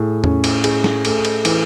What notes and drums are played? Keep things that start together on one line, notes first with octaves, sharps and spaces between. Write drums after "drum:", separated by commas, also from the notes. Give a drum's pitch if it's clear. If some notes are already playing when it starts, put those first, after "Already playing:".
Already playing: A2 G#4
C#4, drum: tom E2
drum: cymbal
G#4, drum: cymbal
drum: snare
A3, drum: cymbal
drum: cymbal
E3, drum: cymbal